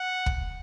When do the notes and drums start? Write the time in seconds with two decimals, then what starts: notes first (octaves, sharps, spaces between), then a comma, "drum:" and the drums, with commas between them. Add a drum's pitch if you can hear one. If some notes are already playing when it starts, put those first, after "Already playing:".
Already playing: F#5
0.26 drum: kick